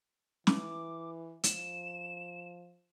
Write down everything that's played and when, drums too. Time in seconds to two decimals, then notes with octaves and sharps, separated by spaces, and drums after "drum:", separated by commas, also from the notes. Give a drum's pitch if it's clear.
0.47 E3 D6, drum: snare
1.44 F3 E7, drum: hi-hat